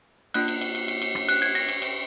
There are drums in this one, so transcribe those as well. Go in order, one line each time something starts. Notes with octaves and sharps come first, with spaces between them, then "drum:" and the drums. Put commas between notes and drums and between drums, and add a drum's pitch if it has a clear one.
A#3 D4 F4 F#6, drum: cymbal
drum: cymbal
drum: cymbal
drum: cymbal
drum: cymbal
drum: cymbal
drum: rim click
F#6, drum: cymbal
G#6, drum: cymbal
A#6, drum: cymbal
drum: cymbal
drum: cymbal